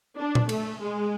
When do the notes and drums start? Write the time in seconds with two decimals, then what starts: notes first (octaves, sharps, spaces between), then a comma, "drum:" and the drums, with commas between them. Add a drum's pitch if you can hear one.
0.17 D4
0.35 drum: tom A#2
0.49 A3, drum: cymbal
0.81 G#3